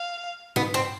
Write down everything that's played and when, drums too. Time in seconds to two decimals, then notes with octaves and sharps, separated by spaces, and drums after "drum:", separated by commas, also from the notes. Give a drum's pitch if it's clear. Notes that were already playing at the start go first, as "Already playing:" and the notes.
Already playing: F5
0.56 B3, drum: tom G#2
0.74 C4